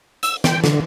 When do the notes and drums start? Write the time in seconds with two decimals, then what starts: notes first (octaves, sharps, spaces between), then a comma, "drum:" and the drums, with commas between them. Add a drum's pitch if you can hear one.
0.23 E6, drum: hi-hat
0.44 G5, drum: snare
0.64 D3, drum: snare